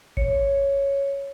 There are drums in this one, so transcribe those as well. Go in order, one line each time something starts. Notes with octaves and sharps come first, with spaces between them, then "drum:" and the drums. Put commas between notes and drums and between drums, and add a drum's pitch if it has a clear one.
C#5, drum: kick G1